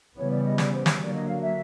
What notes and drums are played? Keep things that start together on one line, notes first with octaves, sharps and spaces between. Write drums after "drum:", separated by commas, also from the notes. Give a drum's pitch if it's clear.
C#3 E3 G3 B3 C#5
D5
D#5
D5, drum: snare
C5
C#5, drum: snare
D3 F#3 A#3 D5
D#5
F5
E5